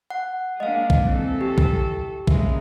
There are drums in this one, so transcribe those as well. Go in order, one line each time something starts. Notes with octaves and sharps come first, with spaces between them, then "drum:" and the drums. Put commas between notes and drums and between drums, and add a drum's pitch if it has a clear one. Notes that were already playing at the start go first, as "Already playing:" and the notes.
F#5
G#3 A#3 D4 D#5 F5
drum: kick
E3 C4 A4
G4
drum: kick
C#3 G#3 A#3 E5, drum: kick